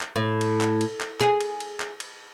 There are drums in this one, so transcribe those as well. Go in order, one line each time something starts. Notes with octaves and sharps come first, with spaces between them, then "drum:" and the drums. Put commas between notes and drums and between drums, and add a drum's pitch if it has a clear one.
drum: clap
A2
drum: cymbal
drum: clap
drum: cymbal
drum: clap
G#4, drum: clap
drum: cymbal
drum: cymbal
drum: clap
drum: cymbal